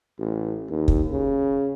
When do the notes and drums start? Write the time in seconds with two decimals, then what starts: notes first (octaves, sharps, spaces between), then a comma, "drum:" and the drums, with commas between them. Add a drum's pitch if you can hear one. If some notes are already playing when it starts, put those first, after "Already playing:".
0.19 A1
0.70 D#2
0.88 drum: kick
1.11 C#3